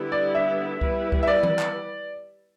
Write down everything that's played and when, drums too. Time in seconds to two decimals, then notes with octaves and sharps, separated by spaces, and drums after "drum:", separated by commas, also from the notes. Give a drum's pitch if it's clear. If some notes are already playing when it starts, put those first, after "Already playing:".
Already playing: D3 G3 B3 E4
0.12 D5
0.35 E5
0.81 G3 B3 E4 B4, drum: kick C2
1.12 drum: kick C2
1.23 E5
1.27 D5
1.43 drum: tom E3
1.59 drum: clap